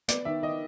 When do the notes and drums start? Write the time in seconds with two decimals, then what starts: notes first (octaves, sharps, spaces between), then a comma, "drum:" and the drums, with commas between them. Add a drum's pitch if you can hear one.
0.08 B3 D5, drum: hi-hat
0.25 D#3 E5
0.42 D#3 D#5